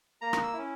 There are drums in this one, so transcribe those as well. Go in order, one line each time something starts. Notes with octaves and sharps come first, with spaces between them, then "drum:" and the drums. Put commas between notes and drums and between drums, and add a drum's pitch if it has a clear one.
A#3 A#5
drum: rim click
E6
C#4 E4